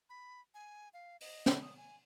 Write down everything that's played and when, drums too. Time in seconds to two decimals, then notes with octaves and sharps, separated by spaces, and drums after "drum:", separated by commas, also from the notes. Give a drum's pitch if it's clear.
0.10 B5
0.54 G#5
0.94 F5
1.21 D#5, drum: open hi-hat
1.46 drum: snare
1.62 D#6
1.77 G#5